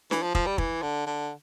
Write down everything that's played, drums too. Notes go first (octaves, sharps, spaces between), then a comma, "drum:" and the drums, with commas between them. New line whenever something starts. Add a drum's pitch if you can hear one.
E3, drum: snare
F3
F3, drum: kick
G3
E3, drum: kick
D3
D3